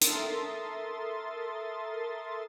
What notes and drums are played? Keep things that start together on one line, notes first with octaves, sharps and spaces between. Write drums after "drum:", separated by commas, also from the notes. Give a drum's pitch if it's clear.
A4 A#4 E5 C6 D#6 A6, drum: hi-hat